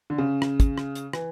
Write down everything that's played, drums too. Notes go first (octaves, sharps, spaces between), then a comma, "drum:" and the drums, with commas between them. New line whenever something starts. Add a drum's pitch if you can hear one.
D3
C#3
drum: rim click
drum: kick, hi-hat
drum: rim click
drum: hi-hat
E3, drum: rim click